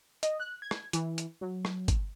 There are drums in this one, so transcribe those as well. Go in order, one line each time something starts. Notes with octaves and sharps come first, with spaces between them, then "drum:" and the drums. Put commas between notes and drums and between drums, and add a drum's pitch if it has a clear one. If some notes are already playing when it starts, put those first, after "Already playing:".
D#5, drum: hi-hat
F#6
G#6
drum: rim click
E3, drum: hi-hat
drum: hi-hat
F#3
drum: rim click
drum: kick, hi-hat